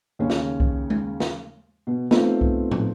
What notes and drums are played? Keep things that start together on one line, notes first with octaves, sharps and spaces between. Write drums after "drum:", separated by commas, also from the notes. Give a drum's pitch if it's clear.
D#2 C#3 C#4
drum: snare
drum: kick C2
drum: tom G#3
drum: snare
B2
A3 B3 C4 D#4 F4, drum: snare
drum: kick C2
drum: tom